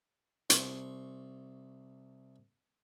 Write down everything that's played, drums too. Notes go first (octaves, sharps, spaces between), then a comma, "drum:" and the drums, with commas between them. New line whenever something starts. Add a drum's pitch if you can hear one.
C2 C6 C#6, drum: hi-hat